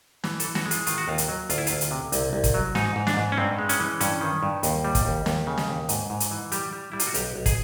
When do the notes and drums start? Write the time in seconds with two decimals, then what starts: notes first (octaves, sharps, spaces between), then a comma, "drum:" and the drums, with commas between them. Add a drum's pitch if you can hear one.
0.24 E3, drum: snare
0.40 A4, drum: hi-hat
0.44 E3
0.55 F#4, drum: snare
0.66 G#3
0.71 F4, drum: hi-hat
0.87 D#3 F4, drum: hi-hat
0.98 F#4
1.08 D#2 F4
1.18 drum: hi-hat
1.29 F#3
1.50 D2 F4, drum: hi-hat
1.58 E4
1.67 D2 F4, drum: hi-hat
1.81 drum: hi-hat
1.91 C3
2.12 C2, drum: hi-hat
2.33 C2
2.44 drum: kick, hi-hat
2.54 F#3
2.75 G#2 D#4, drum: snare
2.96 G#2
3.07 D4, drum: snare
3.17 G#2
3.32 C#4
3.38 G2 C4
3.59 G#3
3.69 C#4, drum: hi-hat
3.80 E3
4.01 G2 C#4, drum: hi-hat
4.21 D#3
4.43 G2
4.63 D#2, drum: hi-hat
4.85 G3
4.95 drum: kick, hi-hat
5.05 D#2
5.26 D#2, drum: snare
5.47 C#3
5.58 drum: snare
5.68 D#2
5.89 G#2, drum: hi-hat
6.10 G#2
6.20 drum: hi-hat
6.31 E3
6.52 G3 G4, drum: hi-hat
6.73 G3
6.92 G3 E4
7.00 F4, drum: hi-hat
7.07 F#4
7.14 B1 G4, drum: hi-hat
7.36 B1
7.46 G#4, drum: kick, hi-hat